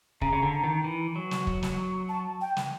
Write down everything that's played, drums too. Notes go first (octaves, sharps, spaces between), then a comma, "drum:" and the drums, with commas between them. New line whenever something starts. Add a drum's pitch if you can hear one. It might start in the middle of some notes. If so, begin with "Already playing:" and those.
C#3 A#5, drum: kick
C#3
D3
D#3
E3
F#3
drum: snare
drum: kick
drum: snare
A5
G5
drum: snare